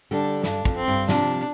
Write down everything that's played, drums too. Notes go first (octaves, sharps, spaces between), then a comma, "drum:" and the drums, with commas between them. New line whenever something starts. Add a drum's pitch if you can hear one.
D3 G3 D4
G2 D4, drum: snare
F2, drum: kick
C4
G2
C3 F3 D4, drum: snare